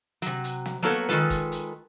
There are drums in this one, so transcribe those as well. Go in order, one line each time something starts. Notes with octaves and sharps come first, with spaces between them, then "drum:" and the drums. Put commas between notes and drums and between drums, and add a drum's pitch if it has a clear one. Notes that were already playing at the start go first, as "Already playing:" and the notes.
C3 F#3, drum: hi-hat
drum: hi-hat
drum: snare
F#3 A#3 B3 F#4 A4 C#5
D#3 G#3 C#4 F4 A4 B4, drum: snare
drum: kick, hi-hat
drum: hi-hat